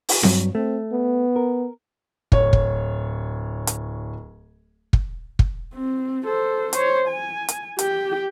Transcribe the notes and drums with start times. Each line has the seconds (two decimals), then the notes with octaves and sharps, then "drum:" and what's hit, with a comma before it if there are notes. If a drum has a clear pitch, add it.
0.09 drum: open hi-hat
0.23 G2 F#3, drum: snare C4
0.55 A3 C4
0.92 B3
1.36 A#4
2.32 D1 C#5, drum: kick
2.53 drum: kick
3.67 drum: hi-hat
4.93 drum: kick
5.39 drum: kick
5.74 C4
6.25 A4 C5
6.73 C5 C#5, drum: hi-hat
7.08 G#5
7.48 drum: hi-hat
7.79 G4 G5, drum: hi-hat